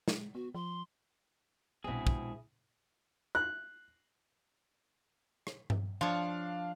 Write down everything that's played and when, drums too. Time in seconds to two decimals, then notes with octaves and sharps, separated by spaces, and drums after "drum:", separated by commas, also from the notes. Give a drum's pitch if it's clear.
0.08 G#3, drum: snare
0.35 B3 F#4
0.54 F3 C6
1.84 A#1 B2 G#3 C4 E4 G#4
2.07 drum: kick
3.35 F#6
5.47 drum: rim click
5.70 drum: tom G2
6.01 F3 D4 C#5 F5